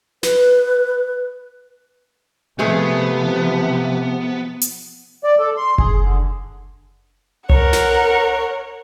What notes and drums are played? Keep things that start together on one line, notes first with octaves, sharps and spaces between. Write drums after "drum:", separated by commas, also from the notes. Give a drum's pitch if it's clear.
B4, drum: snare
C3 F3 G#3 A3 B3 G#4
drum: hi-hat
D5
A4
C6
G#4, drum: kick F#1
D3
A#4 C#5 F#5, drum: tom C2
drum: snare